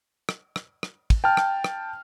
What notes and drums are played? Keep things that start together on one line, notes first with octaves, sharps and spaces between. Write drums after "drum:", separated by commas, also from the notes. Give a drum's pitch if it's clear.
drum: rim click
drum: rim click
drum: rim click
drum: kick, cymbal
G5 A5 F6
drum: rim click
drum: rim click